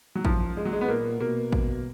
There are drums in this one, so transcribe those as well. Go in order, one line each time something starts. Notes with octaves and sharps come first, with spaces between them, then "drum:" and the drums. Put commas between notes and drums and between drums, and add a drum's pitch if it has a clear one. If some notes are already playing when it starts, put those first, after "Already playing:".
F#3
F#2 F3, drum: kick A1
G#3
F#3
G#3
B3
A#2 A#3
B2 A#3
drum: kick A1